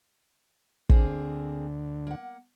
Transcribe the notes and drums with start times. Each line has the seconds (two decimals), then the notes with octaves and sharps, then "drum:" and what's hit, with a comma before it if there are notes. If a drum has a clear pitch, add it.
0.89 D2 D3 A#3 C4 G#4, drum: kick
2.07 A#3 F#5